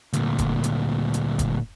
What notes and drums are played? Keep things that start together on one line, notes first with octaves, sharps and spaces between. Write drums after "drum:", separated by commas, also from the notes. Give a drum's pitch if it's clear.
D2 A#2, drum: hi-hat
drum: kick E1, hi-hat
drum: hi-hat
drum: hi-hat
drum: kick E1, hi-hat